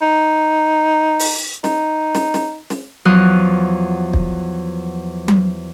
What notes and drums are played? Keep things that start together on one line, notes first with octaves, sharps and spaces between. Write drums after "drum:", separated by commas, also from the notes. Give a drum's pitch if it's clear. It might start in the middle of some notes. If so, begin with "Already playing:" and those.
D#4
drum: open hi-hat
D#4, drum: snare
drum: snare
drum: snare
drum: snare
E2 F3 F#3 C6 D#6 F#6
drum: kick
drum: tom F#3